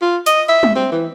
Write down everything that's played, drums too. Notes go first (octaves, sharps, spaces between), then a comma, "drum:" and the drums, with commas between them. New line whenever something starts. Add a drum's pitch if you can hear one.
F4
D#5, drum: hi-hat
E5
drum: tom G3
C4
E3